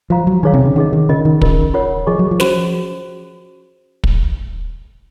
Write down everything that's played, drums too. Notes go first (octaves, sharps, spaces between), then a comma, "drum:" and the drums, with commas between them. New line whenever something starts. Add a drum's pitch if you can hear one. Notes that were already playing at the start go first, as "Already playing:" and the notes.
F3 C5 F5 A#5
F#3
D#3 D#4 G#4 C#5 F5
C3
C#3
D#3 C#4 G#4 D#5
D#3
C#3 C#4 F4 A#4 D#5
D#3
C#3 F4 A#4 D#5, drum: kick
F4 A#4 C#5 F#5
F3 G#4 D#5 G#5 C#6
F#3
F3
C#4 F#4 C5, drum: snare
drum: kick